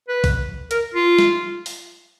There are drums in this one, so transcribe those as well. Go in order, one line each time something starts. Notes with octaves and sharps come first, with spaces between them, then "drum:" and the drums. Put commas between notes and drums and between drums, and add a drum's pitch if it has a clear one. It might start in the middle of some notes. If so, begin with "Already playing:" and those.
B4
drum: kick, open hi-hat
A#4, drum: hi-hat
F4
drum: snare
drum: open hi-hat